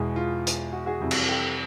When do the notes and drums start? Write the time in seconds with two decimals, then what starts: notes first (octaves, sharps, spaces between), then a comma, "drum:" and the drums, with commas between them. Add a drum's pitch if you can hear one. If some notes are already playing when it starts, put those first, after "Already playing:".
Already playing: E2 B2 G#3
0.16 F4
0.47 drum: hi-hat
0.73 F#4
0.86 F#4 G#4
1.00 F2 C3 E3 G3
1.11 drum: cymbal
1.29 G4 A4